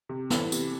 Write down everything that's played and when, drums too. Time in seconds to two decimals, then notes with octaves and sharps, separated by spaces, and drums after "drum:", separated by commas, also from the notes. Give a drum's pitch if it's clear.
0.09 C3
0.30 E3 A4, drum: snare
0.52 C3, drum: tambourine